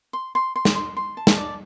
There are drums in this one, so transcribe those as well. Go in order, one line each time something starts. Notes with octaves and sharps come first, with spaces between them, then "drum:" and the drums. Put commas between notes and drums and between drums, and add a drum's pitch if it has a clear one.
C6
C6
C6
drum: snare
C6
C6
A5
drum: snare
D5